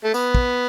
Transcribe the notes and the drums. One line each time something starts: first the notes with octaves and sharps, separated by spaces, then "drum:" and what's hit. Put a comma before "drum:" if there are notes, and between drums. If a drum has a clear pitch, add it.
A3
B3, drum: tambourine
drum: kick